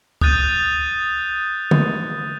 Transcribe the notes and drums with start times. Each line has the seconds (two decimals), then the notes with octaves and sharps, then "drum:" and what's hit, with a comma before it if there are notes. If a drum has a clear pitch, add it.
0.21 D#6 F#6 G6 A6 D#7, drum: kick
1.71 drum: tom